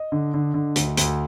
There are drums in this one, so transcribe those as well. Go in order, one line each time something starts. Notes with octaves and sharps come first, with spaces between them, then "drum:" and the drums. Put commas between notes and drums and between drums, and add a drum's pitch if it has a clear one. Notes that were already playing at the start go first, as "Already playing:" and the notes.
Already playing: D#5
D3
D3
D3
D2, drum: hi-hat
D2, drum: hi-hat